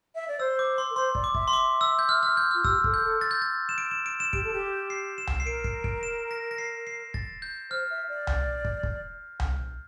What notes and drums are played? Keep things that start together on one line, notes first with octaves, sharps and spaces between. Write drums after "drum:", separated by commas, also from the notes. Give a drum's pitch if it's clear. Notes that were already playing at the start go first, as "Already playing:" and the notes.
E5
D5
C5 E6
D6
C6
A#4
C5 C6
D5, drum: kick
D6
E5, drum: kick
C6
D6
E6
G6
F6
F6
G6
F4 F6
G4 E6, drum: kick
A4, drum: kick
G6
A4
A6
G6
A6
E7
D7
E7
D7
E7
G4 D7, drum: kick
A4
G4
C7
E7
drum: tom C2
C7
A#4 D7
C7, drum: kick
D7, drum: kick
E7
A#6
A#6
C7
C7
A6, drum: kick
G6
C5 F6
E5
D5
drum: tom C2
drum: kick
drum: kick
drum: tom C2